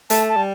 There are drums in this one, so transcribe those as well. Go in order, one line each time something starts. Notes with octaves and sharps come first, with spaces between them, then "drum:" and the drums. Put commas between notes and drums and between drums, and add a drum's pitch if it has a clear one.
A3 A5, drum: hi-hat
A5
G3